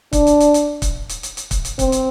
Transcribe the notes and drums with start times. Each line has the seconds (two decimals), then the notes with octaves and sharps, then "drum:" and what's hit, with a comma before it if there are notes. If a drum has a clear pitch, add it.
0.13 D4, drum: kick, hi-hat
0.27 drum: hi-hat
0.40 drum: hi-hat
0.54 drum: hi-hat
0.82 drum: kick, hi-hat
1.09 drum: hi-hat
1.23 drum: hi-hat
1.37 drum: hi-hat
1.51 drum: kick, hi-hat
1.65 drum: hi-hat
1.79 C4, drum: kick, hi-hat
1.92 drum: hi-hat